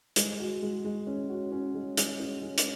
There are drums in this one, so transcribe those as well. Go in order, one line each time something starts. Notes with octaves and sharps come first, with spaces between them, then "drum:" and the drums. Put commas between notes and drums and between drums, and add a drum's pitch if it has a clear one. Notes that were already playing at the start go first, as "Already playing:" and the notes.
G#3, drum: hi-hat
F#4
G#3
G#3
C#4
F#4
C#4
G#3
G#3, drum: hi-hat
C#4
G#3
drum: hi-hat